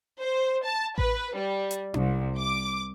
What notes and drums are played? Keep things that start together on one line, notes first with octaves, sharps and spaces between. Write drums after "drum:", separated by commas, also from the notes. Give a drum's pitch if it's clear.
C5
A5
B4, drum: kick A1
G3
drum: hi-hat
C2, drum: tom C#4
D6